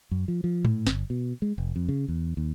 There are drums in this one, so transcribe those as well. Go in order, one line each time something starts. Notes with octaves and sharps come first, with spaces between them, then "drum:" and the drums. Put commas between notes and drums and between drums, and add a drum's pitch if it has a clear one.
F#2
F3
F3
A2, drum: tom G#2
G1, drum: snare
B2
G#3
F1
F2
C#3
E2
D#2